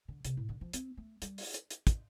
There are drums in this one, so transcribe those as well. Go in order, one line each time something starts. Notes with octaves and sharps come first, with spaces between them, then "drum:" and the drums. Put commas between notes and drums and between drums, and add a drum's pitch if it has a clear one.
D3
C3, drum: hi-hat
A2
D3
F3
C4, drum: hi-hat
A3
G3, drum: hi-hat
drum: open hi-hat
drum: hi-hat
drum: hi-hat
drum: kick, hi-hat